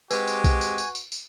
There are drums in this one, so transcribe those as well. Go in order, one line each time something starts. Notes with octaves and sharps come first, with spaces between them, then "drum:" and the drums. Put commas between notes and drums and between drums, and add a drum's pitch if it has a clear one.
G#3 C4 F#4 G4 B4 G#5, drum: tambourine
drum: tambourine
drum: kick B1, tambourine
drum: tambourine
drum: tambourine
drum: tambourine
drum: tambourine